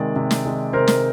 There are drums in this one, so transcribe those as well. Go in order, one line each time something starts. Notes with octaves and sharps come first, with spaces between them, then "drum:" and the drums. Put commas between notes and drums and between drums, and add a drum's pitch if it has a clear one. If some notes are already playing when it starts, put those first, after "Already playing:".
Already playing: C3 D#3 G#3 D5
C3
drum: snare
D#3 G#3
C3 A#4 C5
drum: snare